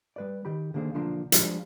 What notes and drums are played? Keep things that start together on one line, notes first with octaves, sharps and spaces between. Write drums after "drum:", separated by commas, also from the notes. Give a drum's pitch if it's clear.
G3 B4 D5
D#3 G4 B5
D3 D#3 A#3 B3 G#4 C5
B1 D3 F3 A#3 D4 C6
F3 G3 G#3 D4 F4 C5, drum: hi-hat